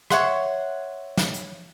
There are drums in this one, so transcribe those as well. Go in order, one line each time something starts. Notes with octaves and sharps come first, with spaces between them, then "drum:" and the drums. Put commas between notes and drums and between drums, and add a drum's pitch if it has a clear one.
C#5 E5 F#5 C6, drum: rim click
drum: snare
drum: hi-hat